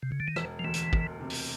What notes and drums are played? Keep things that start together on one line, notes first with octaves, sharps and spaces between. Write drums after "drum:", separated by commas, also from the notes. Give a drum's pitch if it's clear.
C3
C#3
D3
D#3
E1 E3, drum: rim click
F3
D2 E3
drum: hi-hat
E1, drum: kick
C3
drum: open hi-hat